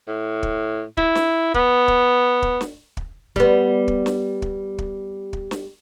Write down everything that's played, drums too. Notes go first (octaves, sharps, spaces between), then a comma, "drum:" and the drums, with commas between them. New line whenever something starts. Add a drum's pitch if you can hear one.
A2
drum: kick
E4, drum: kick
drum: snare
B3, drum: kick
drum: kick
drum: kick
drum: snare
drum: kick
G3 B3, drum: kick
drum: kick
drum: snare
drum: kick
drum: kick
drum: kick
drum: snare